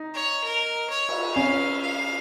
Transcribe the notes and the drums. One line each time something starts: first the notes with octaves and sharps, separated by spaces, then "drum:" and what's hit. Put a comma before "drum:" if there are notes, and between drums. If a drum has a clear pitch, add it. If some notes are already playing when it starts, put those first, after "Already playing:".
Already playing: D#4
C#5
A#4
C#5
drum: cymbal
C#4 F5
F5